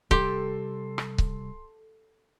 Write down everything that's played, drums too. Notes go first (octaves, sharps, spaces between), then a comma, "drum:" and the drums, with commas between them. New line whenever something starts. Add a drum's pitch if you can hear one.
C3 G3 G4 A4 C6, drum: kick C#1
drum: rim click
drum: kick C#1